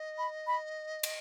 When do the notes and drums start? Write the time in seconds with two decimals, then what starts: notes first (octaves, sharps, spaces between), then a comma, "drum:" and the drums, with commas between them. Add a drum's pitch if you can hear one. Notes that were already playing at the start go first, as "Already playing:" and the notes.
Already playing: D#5
0.18 B5
0.47 B5
1.03 drum: cymbal